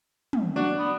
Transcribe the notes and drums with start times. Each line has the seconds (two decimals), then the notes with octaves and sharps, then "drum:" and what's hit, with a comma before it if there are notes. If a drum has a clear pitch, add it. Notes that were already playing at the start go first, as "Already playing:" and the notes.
0.33 drum: tom
0.56 D4 F#4
0.78 B3